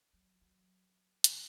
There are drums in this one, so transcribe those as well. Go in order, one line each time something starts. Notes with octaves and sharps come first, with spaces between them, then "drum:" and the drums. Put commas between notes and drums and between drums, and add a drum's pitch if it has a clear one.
F#3
F#3
D#3, drum: hi-hat